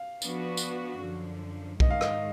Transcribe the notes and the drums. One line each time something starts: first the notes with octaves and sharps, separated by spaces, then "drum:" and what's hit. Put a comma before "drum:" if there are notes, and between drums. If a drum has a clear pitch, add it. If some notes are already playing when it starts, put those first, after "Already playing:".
Already playing: F5
F3 B3 D4 F#4, drum: tambourine
drum: tambourine
F#2 D3 F3
G#2 D#3 G#3 D#5, drum: kick B1
F5
D#5, drum: rim click